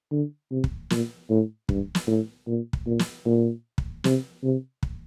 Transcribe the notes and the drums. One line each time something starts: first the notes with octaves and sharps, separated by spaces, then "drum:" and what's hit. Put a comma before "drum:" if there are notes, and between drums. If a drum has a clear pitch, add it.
D3
C3
drum: kick
A#2, drum: snare
A2
G2, drum: kick
drum: snare
A2
A#2
drum: kick
A#2
drum: snare
A#2
drum: kick
C3, drum: snare
C3
drum: kick